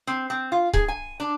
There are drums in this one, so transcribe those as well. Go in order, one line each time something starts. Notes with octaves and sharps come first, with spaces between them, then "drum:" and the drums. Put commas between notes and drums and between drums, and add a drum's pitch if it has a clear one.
C4
C4
F4
G#4, drum: kick C#1
G#5
D4